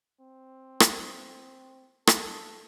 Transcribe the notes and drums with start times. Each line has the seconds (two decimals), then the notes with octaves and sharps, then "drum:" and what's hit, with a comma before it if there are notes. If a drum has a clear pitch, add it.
0.20 C4
0.80 drum: rim click
2.07 A4, drum: rim click